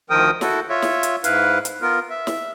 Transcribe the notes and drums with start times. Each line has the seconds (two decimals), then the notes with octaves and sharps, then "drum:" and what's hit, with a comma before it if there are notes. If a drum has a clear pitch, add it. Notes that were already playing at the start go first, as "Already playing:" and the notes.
0.10 D2 D#3 F3 A#4 G5 D#6
0.41 E4 F#4 A4, drum: snare
0.69 F4 C#5 E5
0.82 drum: snare
1.03 drum: hi-hat
1.24 G#2 E4 B4 F5, drum: hi-hat
1.65 drum: hi-hat
1.81 B3 F4 A#4
2.10 E5
2.27 drum: snare